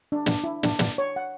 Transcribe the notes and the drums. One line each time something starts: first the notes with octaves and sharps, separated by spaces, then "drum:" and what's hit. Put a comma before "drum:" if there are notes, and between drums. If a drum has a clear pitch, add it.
D4
D4, drum: snare
E4
D4, drum: snare
D5, drum: snare
C#5
F#5